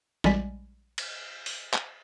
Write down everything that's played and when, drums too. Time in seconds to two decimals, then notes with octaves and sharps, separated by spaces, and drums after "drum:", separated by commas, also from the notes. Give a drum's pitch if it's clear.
0.24 A#1 G3 G#3 D5 G#5 B6, drum: snare
0.98 drum: cymbal
1.46 drum: open hi-hat
1.74 drum: clap